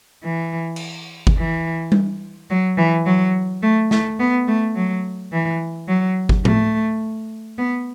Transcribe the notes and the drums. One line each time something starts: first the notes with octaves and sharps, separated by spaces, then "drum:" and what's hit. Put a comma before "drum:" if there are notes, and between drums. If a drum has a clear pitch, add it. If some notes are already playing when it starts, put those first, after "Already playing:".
E3
drum: cymbal
drum: kick G1
E3
drum: tom G3
F#3
E3
F#3
A3
A3, drum: snare
B3
A3
F#3
E3
F#3
drum: kick G1
A3, drum: tom A2
B3